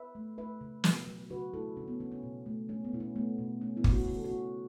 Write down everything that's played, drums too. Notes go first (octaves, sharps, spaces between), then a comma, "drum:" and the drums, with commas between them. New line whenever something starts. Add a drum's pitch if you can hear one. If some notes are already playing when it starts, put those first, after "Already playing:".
Already playing: B4 E5
A3
A3 B4 E5
C#3
B2, drum: snare
F#3
C#3 F#4 B4
A3 E4 A4
C#3 C#4
B3
C#3 C#4
C#4
B2
A3
A3 C#4
B3
B2 E4
C#4
A3 B3
B2
A3 C#4
B3 E4
C#3, drum: kick
C#4 F#4
C#3 F#4
A4
C#4 F#4
C#3